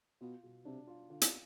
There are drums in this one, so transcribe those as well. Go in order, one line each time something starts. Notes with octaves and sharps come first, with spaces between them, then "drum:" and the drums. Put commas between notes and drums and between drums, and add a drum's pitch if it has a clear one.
B2 F4
B2
C3 D4
F4
D3 F4
drum: hi-hat